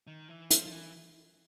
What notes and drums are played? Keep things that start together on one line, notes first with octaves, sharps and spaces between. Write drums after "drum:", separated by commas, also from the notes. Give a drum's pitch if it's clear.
D#3
E3
F3, drum: hi-hat
F3
E3